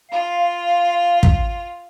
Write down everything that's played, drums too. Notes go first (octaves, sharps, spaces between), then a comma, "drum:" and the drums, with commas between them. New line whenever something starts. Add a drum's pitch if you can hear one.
F4 F5
drum: kick